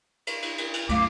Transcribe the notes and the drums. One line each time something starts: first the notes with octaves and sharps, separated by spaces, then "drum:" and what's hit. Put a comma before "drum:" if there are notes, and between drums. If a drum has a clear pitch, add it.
drum: cymbal
drum: cymbal
drum: cymbal
drum: cymbal
F#2 A3 F5 D6, drum: cymbal